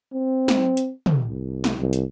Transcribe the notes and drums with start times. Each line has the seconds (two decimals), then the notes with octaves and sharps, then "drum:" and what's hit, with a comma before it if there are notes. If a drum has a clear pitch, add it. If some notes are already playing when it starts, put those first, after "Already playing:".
0.13 C4
0.48 drum: snare
0.77 drum: hi-hat
1.06 drum: tom
1.27 C2
1.64 drum: snare
1.78 C2
1.93 drum: hi-hat